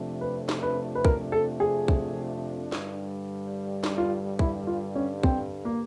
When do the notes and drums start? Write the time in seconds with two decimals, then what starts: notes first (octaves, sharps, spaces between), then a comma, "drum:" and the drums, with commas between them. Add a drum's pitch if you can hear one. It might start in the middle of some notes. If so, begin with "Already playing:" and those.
Already playing: F2 C3 F3 A3 D4
0.21 B4
0.49 drum: snare
0.63 B4
0.95 B4
1.05 A#4, drum: kick
1.32 A4
1.60 G#4
1.88 drum: kick
2.72 G2 D3 G3, drum: snare
3.84 drum: snare
3.98 F4
4.39 E4, drum: kick
4.67 F4
4.95 C#4
5.23 C4, drum: kick
5.65 A#3